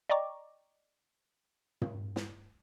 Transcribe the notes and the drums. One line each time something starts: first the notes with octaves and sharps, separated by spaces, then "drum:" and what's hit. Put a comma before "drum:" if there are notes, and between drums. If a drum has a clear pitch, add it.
D5 D#5 G5 A#5 C#6 D6
drum: tom
drum: snare